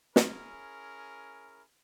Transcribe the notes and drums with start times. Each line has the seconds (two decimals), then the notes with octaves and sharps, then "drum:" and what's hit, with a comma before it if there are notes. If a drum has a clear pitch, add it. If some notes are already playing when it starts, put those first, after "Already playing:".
0.16 C#4 E4 G#4 A#4, drum: snare